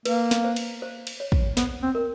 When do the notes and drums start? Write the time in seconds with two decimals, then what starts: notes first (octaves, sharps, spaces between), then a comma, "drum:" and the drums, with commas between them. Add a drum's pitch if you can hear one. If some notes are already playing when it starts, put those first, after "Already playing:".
0.05 A#3 B4, drum: cymbal
0.31 drum: snare
0.44 C5
0.56 drum: cymbal
0.82 C5
1.07 drum: cymbal
1.20 C#5
1.32 drum: kick
1.57 B3 C5, drum: snare
1.83 C4
1.95 A#4